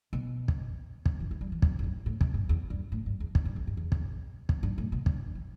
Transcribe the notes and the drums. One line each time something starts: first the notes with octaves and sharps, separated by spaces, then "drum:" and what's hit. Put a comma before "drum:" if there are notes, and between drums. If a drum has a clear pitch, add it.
B2
drum: kick
drum: kick
E3
E3
G3
E3
E2, drum: kick
E2
G2
A2
B2, drum: kick
G2
E2
G2
A2
G2
E2
G2, drum: kick
G2
E2
G2
E2
drum: kick
drum: kick
G2
A2
B2
D3, drum: kick
E3